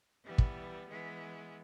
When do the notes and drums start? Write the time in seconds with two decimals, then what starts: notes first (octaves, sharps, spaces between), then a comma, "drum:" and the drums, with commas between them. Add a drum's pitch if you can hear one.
0.24 E3 G3 B3
0.38 drum: kick
0.88 E3 G#3 B3